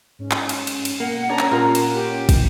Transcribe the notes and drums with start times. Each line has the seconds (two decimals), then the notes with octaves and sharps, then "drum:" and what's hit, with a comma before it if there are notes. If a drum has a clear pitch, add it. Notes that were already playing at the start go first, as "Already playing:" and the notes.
0.19 G#2 C#4
0.31 drum: clap
0.49 drum: cymbal
0.67 drum: cymbal
0.85 drum: cymbal
1.00 B2 A#3 F#5
1.29 C#4 D4 C#5 F#5 A#5
1.39 drum: clap
1.51 A#2 F4 A#4
1.75 drum: cymbal
1.93 G4
2.29 drum: kick, cymbal